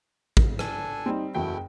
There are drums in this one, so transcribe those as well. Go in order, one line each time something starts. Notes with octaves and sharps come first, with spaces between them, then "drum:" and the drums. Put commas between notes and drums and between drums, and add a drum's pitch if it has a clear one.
drum: kick
D4 A4 G#5, drum: rim click
G3 C4 D#4
F#1 E2 A3 E4 F#4 G5